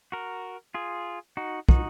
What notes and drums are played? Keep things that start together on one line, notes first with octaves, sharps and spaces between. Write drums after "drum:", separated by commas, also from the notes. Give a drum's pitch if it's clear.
F#4 A#4
F4 G#4
D#4 F#4
D#4 F#4, drum: kick